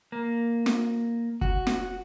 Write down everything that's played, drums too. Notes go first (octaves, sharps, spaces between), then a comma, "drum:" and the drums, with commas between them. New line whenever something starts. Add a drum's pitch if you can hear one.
A#3
drum: snare
F#4, drum: kick
drum: snare